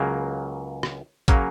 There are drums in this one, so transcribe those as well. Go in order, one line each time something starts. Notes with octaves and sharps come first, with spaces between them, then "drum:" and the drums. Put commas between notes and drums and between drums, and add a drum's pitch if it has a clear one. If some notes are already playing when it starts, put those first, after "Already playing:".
Already playing: C#2 C#3 F#3 A#3
drum: rim click
C#3 F#3 A#3 C#4, drum: kick, hi-hat